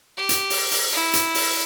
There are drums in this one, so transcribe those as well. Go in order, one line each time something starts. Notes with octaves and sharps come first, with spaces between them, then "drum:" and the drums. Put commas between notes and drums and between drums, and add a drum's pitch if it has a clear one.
G4
drum: hi-hat
drum: open hi-hat
drum: open hi-hat
E4
drum: hi-hat
drum: open hi-hat